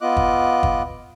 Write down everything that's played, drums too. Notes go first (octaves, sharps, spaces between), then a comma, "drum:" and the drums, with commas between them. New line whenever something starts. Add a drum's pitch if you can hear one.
B3 F4 D#5 D6 F#6
drum: kick
drum: kick